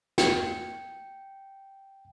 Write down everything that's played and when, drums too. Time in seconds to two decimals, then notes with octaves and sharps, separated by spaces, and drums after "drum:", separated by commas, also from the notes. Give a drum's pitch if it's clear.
0.18 G5 C#7, drum: snare